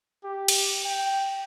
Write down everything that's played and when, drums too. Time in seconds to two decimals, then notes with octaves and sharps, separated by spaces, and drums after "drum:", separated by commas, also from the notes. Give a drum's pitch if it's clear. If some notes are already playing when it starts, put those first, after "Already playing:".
0.24 G4
0.48 drum: cymbal
0.85 G5